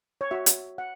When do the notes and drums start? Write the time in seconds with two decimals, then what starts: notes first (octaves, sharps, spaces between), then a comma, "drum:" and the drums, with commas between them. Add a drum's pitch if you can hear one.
0.21 C#5
0.31 F#4 C#5 E5
0.46 drum: hi-hat
0.78 F#5